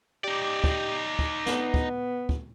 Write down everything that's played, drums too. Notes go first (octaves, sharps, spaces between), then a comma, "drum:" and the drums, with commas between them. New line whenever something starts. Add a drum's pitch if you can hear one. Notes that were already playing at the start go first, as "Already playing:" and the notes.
D#4 G4 D5
drum: kick
drum: kick
B3, drum: snare
drum: kick
drum: kick